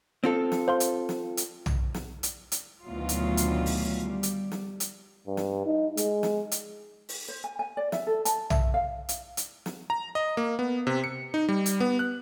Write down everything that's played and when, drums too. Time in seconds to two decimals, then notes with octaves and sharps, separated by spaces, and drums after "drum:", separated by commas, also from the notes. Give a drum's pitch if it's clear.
0.24 C4 F4 A4
0.52 drum: snare
0.68 C5 F5 C6
0.80 drum: hi-hat
1.09 drum: snare
1.37 drum: hi-hat
1.66 drum: tom
1.94 drum: snare
2.23 drum: hi-hat
2.52 drum: hi-hat
2.85 D2 B2 D#3 E3 F#3 F4
3.09 drum: hi-hat
3.37 drum: hi-hat
3.66 drum: open hi-hat
4.02 G3
4.23 drum: hi-hat
4.52 drum: snare
4.80 drum: hi-hat
5.27 G2
5.37 drum: snare
5.66 D#4
5.97 G#3, drum: hi-hat
6.23 drum: snare
6.51 drum: hi-hat
7.09 drum: open hi-hat
7.28 C5
7.44 G#5
7.59 G#5
7.77 D5
7.92 E5, drum: snare
8.07 A4
8.25 A5, drum: hi-hat
8.50 E5, drum: tom
8.74 F5
9.09 drum: hi-hat
9.37 drum: hi-hat
9.66 drum: snare
9.90 A#5
10.15 D#5
10.37 A#3
10.59 B3
10.87 C3
11.04 C#7
11.34 D#4
11.49 G3
11.66 drum: hi-hat
11.80 B3
11.99 F#6